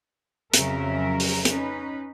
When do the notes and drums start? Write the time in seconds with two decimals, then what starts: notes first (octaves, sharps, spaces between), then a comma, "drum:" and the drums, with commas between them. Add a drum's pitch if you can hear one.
0.54 F2 C#3 F#3 C#4 A#4 E5, drum: hi-hat
1.20 drum: open hi-hat
1.45 C#4 D#4 B4, drum: hi-hat